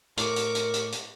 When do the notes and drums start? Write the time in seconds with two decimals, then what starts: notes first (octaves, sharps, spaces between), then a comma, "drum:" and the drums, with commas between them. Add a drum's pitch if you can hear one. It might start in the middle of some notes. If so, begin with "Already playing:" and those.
0.17 A2 A#4 C#6 D6, drum: hi-hat
0.36 drum: hi-hat
0.55 drum: hi-hat
0.74 drum: hi-hat
0.92 drum: hi-hat